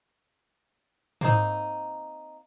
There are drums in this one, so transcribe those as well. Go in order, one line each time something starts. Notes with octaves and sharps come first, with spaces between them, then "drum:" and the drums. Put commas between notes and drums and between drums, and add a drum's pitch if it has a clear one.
A#3 C4 D#4, drum: tom G#2